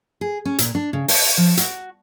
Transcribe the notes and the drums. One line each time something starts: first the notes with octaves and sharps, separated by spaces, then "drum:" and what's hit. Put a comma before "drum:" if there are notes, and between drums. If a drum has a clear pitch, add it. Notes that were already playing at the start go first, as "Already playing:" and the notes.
G#4
C#4
A#2, drum: hi-hat
D4
C#3
A5, drum: open hi-hat
F3
F#4, drum: hi-hat